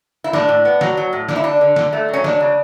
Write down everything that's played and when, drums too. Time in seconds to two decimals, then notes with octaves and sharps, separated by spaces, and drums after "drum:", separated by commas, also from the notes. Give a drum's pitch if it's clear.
0.24 E4
0.33 A2 D4, drum: snare
0.49 A2
0.65 B3
0.81 F#3, drum: snare
0.97 F#3
1.13 A2
1.29 D3 D4, drum: snare
1.36 E4
1.44 D3 D4
1.61 D3
1.76 D3, drum: snare
1.93 A3
2.08 F#3
2.13 C#4
2.24 G#3 D4, drum: snare
2.40 C#3